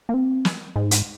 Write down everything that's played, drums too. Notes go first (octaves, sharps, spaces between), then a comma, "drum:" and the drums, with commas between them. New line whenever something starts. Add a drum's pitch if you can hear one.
A#3
C4
drum: snare
G#2
drum: hi-hat